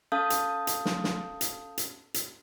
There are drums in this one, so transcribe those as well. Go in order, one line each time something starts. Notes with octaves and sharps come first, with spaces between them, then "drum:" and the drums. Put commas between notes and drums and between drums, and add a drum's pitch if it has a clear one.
C#4 A4 F5 A5 D#6 G6
drum: hi-hat
drum: hi-hat
drum: snare
drum: snare
drum: hi-hat
drum: hi-hat
drum: hi-hat